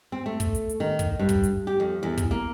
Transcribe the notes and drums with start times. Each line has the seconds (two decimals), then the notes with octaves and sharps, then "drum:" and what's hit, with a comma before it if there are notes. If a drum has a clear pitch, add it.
0.12 C4
0.26 A3
0.40 drum: kick, hi-hat
0.55 drum: hi-hat
0.69 drum: hi-hat
0.80 D#3
0.99 drum: kick, hi-hat
1.19 G2
1.29 drum: kick, hi-hat
1.43 drum: hi-hat
1.67 G4
1.80 F2
2.03 E2
2.18 drum: kick, hi-hat
2.31 A#3